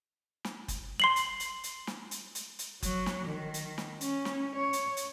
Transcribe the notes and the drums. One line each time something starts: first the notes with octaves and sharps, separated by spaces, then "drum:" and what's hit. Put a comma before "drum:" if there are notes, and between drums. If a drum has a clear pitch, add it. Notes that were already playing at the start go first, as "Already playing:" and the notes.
drum: snare
drum: kick F#1, hi-hat
C6 C7 F#7
drum: hi-hat
drum: hi-hat
drum: hi-hat
drum: snare
drum: hi-hat
drum: hi-hat
drum: hi-hat
F#3, drum: kick F#1, hi-hat
drum: snare
D#3
drum: hi-hat
drum: snare
C#4, drum: hi-hat
drum: snare
C#5
drum: hi-hat
drum: hi-hat